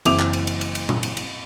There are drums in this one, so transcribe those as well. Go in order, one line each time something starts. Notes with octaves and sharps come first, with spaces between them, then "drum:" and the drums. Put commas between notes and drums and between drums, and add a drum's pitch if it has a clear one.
F#1 E3 C4 E5 D6 F7, drum: cymbal
drum: clap
drum: cymbal
drum: cymbal
drum: cymbal
drum: cymbal
drum: tom A#2
drum: cymbal
drum: cymbal